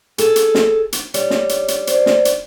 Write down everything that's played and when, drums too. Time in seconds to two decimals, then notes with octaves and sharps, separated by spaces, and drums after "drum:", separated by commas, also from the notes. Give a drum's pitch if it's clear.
0.18 G#4 A4, drum: hi-hat
0.36 drum: hi-hat
0.55 drum: snare
0.92 drum: hi-hat
1.14 G3 C#5, drum: hi-hat
1.30 drum: snare
1.49 drum: hi-hat
1.68 drum: hi-hat
1.87 C5 D5, drum: hi-hat
2.06 drum: snare
2.25 drum: hi-hat